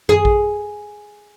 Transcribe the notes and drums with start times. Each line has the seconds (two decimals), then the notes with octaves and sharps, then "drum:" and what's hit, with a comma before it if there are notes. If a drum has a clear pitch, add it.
0.09 G#4, drum: tom F#2
0.25 drum: kick A1